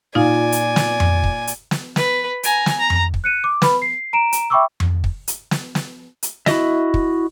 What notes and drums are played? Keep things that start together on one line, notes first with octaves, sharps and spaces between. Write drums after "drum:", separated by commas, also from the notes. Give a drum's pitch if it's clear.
A#2 D#4 F4 D5 F5 G#5
drum: hi-hat
drum: snare
drum: tom F2
drum: kick
drum: hi-hat
drum: snare
B4, drum: snare
G#5 A#5, drum: hi-hat
drum: snare
A#5
drum: tom F2
drum: kick
F#6 C#7 D#7
D6
B4 B5, drum: snare
C7
A#5 D7 E7
drum: hi-hat
E5 G5 B5 C#6 D6 E6
drum: tom F2
drum: kick
drum: hi-hat
drum: snare
drum: snare
drum: hi-hat
E4 F#4 G4 D#5 E5, drum: snare
drum: kick